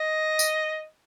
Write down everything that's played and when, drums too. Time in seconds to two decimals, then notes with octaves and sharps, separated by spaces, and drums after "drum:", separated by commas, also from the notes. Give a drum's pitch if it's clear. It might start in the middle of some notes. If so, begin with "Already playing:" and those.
Already playing: D#5
0.39 drum: tambourine